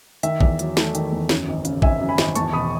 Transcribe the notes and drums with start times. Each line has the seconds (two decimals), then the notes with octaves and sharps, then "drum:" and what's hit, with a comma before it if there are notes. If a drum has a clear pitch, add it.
0.23 D#3 E5, drum: hi-hat
0.41 E2, drum: kick
0.59 F#3, drum: hi-hat
0.77 A3, drum: snare
0.95 D#3, drum: hi-hat
1.12 E2
1.29 F#2, drum: snare
1.48 G#1
1.65 C#3, drum: hi-hat
1.82 G#1 E5 G#5, drum: kick
2.00 F#2
2.09 G#5 B5
2.18 G#1, drum: snare
2.35 E2 A5 C#6, drum: hi-hat
2.53 E1 B5 D#6